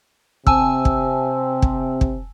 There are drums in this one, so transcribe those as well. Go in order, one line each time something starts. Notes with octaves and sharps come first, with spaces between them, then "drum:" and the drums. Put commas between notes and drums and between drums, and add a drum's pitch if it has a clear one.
C3 C4 G#5 A5 E6, drum: kick
drum: kick
drum: kick
drum: kick